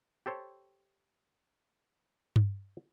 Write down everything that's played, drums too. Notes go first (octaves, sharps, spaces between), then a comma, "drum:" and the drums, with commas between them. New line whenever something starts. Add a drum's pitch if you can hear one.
G4 A4 C5 C#5
drum: tom G2